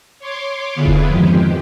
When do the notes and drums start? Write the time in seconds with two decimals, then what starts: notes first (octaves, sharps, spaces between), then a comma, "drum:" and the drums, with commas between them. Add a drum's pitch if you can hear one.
0.19 C#5 C6 D6
0.74 D3 B3 E4 F4 G#4 B4
0.86 drum: kick E1
1.07 F2 G#2 D#3 F3 G4